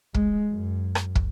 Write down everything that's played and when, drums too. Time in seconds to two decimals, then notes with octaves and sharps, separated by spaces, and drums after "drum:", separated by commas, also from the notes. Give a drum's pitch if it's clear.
0.14 G#3, drum: kick
0.51 F#2
0.95 drum: rim click
1.15 drum: kick